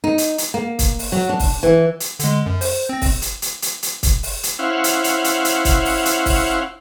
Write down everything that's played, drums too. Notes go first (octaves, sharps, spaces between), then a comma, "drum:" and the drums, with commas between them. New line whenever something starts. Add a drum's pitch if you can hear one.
D#4
drum: hi-hat
drum: hi-hat
A#3
drum: kick C#1, hi-hat
drum: open hi-hat
F#3
D4
drum: kick C#1, open hi-hat
E3
drum: hi-hat
D3 G#3, drum: hi-hat
F#2
C5, drum: open hi-hat
C4 A#6
drum: kick C#1, open hi-hat
drum: hi-hat
drum: hi-hat
drum: hi-hat
drum: hi-hat
drum: kick C#1, hi-hat
drum: open hi-hat
drum: hi-hat
C#4 E4 C5 F5 F#5
drum: hi-hat
drum: hi-hat
drum: hi-hat
drum: hi-hat
drum: kick C#1, hi-hat
drum: open hi-hat
drum: hi-hat
drum: kick C#1, open hi-hat